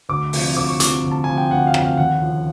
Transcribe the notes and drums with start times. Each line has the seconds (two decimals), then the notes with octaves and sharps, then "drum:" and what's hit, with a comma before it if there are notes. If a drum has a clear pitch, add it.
0.09 D2 D6
0.33 C3 F3, drum: open hi-hat
0.56 D2 D6
0.68 C#6
0.80 C3 F3 D6, drum: hi-hat
1.04 D2
1.11 A5
1.24 C3 F3 G#5
1.38 G5
1.51 D2 F#5
1.67 F5
1.74 C3 F3, drum: rim click
1.82 F5
1.97 D#2 F#5
2.22 C#3 F3